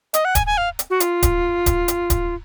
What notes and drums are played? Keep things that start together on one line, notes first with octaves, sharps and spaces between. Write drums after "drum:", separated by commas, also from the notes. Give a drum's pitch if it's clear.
D#5, drum: hi-hat
F#5
G#5, drum: kick D1, hi-hat
G#5
F5
drum: hi-hat
F#4
F4, drum: hi-hat
drum: kick D1, hi-hat
drum: kick D1, hi-hat
drum: hi-hat
drum: kick D1, hi-hat